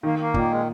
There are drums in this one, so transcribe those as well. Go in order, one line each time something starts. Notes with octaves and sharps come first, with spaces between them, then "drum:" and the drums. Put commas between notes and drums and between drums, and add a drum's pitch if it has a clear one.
D#3 A#3
A#3
A#2 D#3, drum: kick
G#3